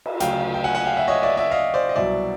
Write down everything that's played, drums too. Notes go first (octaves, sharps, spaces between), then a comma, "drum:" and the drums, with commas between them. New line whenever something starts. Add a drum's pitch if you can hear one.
drum: cymbal
D2 C#3 F#3 F5 G5, drum: hi-hat
G5
F#5 G#5
F#5 G#5
F5 G5
E5 F#5
C#5 D#5
D5 E5
D5 E5
D#5 F5
C5 D5
D#5
C2 B2 F#3 D5 E5